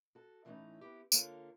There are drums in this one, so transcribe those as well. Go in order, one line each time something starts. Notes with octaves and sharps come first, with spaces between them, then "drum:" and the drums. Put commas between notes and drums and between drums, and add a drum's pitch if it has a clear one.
F#4 A4
A2 E3 A3 B3 C#4 D#4
B3 C4 E4 G4
D3 A#3 F4 A4 A#4 C#5, drum: tambourine